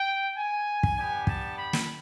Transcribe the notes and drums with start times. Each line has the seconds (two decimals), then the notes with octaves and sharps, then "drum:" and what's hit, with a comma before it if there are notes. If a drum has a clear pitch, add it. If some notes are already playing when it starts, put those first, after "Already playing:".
Already playing: G5
0.36 G#5
0.83 drum: kick
0.97 B3 D4 G4 G#5
1.27 A5, drum: kick
1.58 B5
1.73 drum: snare